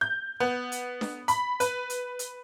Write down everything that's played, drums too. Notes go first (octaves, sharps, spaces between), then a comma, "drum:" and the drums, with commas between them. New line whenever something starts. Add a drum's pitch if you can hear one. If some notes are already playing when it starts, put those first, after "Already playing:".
G6
B3
drum: hi-hat
drum: snare D4
B5, drum: hi-hat
B4, drum: hi-hat
drum: hi-hat
drum: hi-hat